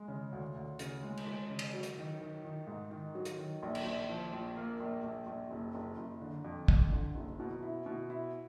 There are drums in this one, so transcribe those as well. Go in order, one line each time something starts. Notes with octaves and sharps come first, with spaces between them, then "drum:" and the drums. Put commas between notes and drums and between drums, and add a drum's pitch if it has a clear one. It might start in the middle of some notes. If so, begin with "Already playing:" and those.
Already playing: G#3
C#3
D2
D2
C#3, drum: hi-hat
G#3
drum: cymbal
G#3
C#3
drum: cymbal
F#3
drum: hi-hat
D#3
D#3
D#3
G#2
D#3
F#3
drum: hi-hat
D#3
A#1
drum: cymbal
A#1
F3
A#1
A#3
A#1
A#1
A#1
F#1
F#1
F#1
D3
F2
F2, drum: kick
D3
F#1
B2
E4
B2
E4